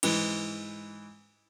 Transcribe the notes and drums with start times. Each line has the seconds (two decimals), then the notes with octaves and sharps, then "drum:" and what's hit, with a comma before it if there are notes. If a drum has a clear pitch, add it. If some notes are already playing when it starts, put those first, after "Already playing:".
0.03 G#2 E3, drum: cymbal